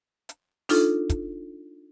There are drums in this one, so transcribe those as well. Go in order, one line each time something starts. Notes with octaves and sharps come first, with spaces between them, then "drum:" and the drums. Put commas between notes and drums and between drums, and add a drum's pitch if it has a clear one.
drum: hi-hat
D4 D#4 F4 A4, drum: open hi-hat
drum: kick, hi-hat